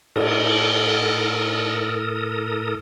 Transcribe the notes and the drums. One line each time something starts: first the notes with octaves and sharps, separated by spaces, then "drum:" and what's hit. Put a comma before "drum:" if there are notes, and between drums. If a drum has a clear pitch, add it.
A2 A4 A#4 D#6, drum: cymbal